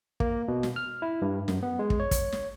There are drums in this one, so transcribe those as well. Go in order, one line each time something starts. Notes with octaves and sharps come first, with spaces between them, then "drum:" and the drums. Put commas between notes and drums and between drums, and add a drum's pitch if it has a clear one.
A#3, drum: kick
B2
drum: snare
F6
E4
G2
F#2, drum: snare
B3
G#3
drum: kick
C#5
drum: kick, hi-hat
drum: snare